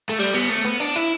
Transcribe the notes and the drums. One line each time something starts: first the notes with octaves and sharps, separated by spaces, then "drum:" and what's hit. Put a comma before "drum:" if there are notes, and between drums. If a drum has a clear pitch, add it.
A3
G3, drum: cymbal
B3
A3
B3
D4
E4